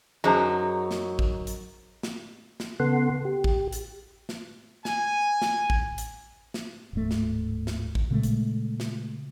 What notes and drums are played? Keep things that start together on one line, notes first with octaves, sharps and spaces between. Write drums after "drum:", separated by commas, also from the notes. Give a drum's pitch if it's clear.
F#2 F#3 D#4 G#4 C5 A#5
drum: snare
drum: kick
drum: hi-hat
drum: snare
drum: snare
C#3 B3 A4 F#5 C6
G4
drum: kick
drum: hi-hat
drum: snare
G#5, drum: snare
drum: snare
drum: kick
drum: hi-hat
drum: snare
D1 G#2 A3
drum: snare
drum: snare
drum: kick
A#2 C#3 G#3 A3
drum: hi-hat
drum: snare